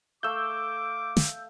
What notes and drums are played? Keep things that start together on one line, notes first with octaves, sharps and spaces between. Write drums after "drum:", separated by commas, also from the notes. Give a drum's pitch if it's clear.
A3 F5 D6 E6 G6
drum: snare